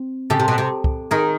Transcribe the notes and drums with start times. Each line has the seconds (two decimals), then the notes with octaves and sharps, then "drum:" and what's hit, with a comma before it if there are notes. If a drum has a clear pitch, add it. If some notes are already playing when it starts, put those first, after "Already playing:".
Already playing: C4
0.30 C#3 G4 A4
0.39 C3
0.48 B2
0.58 C3
0.84 drum: kick
1.11 D#3 G#4 A#4